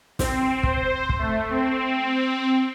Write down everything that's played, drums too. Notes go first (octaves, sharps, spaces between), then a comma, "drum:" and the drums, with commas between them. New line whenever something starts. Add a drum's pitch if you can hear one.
C4, drum: snare
C5, drum: kick
drum: kick
A3
C4